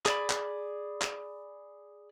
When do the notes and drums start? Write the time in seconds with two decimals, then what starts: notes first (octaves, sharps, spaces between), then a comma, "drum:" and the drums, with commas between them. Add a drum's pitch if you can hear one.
0.06 G#4 D5 B5, drum: clap
0.30 drum: clap
1.01 drum: clap